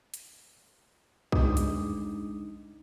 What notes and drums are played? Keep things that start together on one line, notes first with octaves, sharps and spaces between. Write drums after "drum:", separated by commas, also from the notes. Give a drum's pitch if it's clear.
drum: hi-hat
G#3 D4 D#4 D6 D#6, drum: kick B1
drum: hi-hat